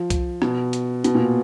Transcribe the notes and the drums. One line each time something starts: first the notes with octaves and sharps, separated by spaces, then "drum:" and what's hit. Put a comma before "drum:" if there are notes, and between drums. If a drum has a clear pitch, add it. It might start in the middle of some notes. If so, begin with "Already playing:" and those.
Already playing: F3
drum: kick C2, hi-hat
B2, drum: rim click
drum: hi-hat
B2, drum: hi-hat
A#2